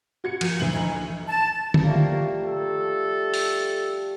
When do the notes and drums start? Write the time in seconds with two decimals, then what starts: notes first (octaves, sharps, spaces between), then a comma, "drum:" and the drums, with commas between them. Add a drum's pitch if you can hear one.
0.24 F#4 G#6 C#7
0.41 F3 A#3 A#4, drum: cymbal
0.60 D2 E3 F#7
0.73 D#4 E4
1.29 A5
1.74 drum: tom D3
1.84 F3 G3 A3 A#3
2.43 A4
3.34 drum: open hi-hat